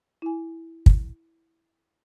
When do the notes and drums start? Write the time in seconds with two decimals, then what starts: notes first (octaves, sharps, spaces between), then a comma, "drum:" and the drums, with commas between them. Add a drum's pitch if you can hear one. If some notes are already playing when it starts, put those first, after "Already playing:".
0.22 E4 G#5
0.86 drum: kick